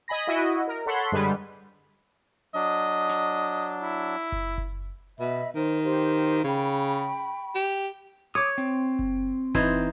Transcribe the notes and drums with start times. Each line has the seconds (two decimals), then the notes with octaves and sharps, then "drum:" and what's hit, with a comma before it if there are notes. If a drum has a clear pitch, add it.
0.08 D#5 G#5 B5 A#6
0.27 E4 F#4 D#5
0.68 A#4
0.86 A4 C#5 F#5 B5 C6
1.12 D3 G3 G#3 B4, drum: tom F#2
2.54 F#3 D4 D#5
3.09 drum: snare
3.82 E4
4.32 drum: kick F#1
4.58 drum: kick F#1
5.20 B2 D#5 E5 B5
5.56 D#3 C5
5.82 G4 C5 F5
6.44 C#3 G5 B5 C#6
7.55 G4
8.35 C#5 D6 D#6
8.58 C4, drum: hi-hat
8.99 drum: kick F#1
9.55 E3 D#4 C5, drum: kick F#1